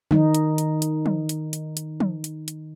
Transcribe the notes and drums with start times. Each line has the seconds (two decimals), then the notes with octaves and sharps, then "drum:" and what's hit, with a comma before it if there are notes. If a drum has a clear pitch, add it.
0.11 D#3 D#4, drum: tom
0.35 drum: hi-hat
0.58 drum: hi-hat
0.82 drum: hi-hat
1.06 drum: tom
1.29 drum: hi-hat
1.53 drum: hi-hat
1.77 drum: hi-hat
2.00 drum: tom
2.24 drum: hi-hat
2.48 drum: hi-hat